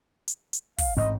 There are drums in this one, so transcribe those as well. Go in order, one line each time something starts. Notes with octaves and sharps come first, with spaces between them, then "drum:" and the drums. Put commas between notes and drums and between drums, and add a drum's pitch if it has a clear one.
drum: hi-hat
drum: hi-hat
F5, drum: kick, open hi-hat
A1 G#2 C4 D#5